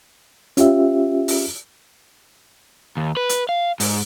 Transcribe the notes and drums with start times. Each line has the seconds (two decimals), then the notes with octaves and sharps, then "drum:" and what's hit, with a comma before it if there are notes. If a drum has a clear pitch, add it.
0.57 C#4 F4 G4 E5, drum: hi-hat
1.28 drum: open hi-hat
2.97 D#2
3.17 B4
3.29 drum: hi-hat
3.49 F5
3.80 G#2, drum: open hi-hat